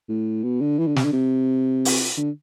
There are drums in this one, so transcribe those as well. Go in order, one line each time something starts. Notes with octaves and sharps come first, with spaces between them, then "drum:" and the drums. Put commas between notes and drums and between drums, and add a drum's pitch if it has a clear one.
A2
B2
D3
E3
D3
C3, drum: snare
D3
C3
drum: open hi-hat
D3